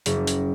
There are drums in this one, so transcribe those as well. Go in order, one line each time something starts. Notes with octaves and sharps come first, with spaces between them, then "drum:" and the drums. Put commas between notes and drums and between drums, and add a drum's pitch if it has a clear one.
F#1, drum: hi-hat
drum: hi-hat